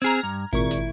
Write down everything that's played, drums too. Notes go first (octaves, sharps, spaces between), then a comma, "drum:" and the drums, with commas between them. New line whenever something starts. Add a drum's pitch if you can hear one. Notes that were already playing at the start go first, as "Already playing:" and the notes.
C4 G#4 A#5 F6 G#6
G2
G#1 A#2 E4 C#6, drum: kick G1, hi-hat
drum: snare